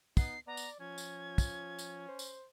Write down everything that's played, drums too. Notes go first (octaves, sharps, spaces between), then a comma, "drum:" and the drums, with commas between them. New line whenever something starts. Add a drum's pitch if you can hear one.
B3 D#4 C7, drum: kick, tambourine
B3 D5 A#5
drum: tambourine
F3 C#4 G#6
drum: tambourine
drum: kick, tambourine
drum: tambourine
C5
drum: tambourine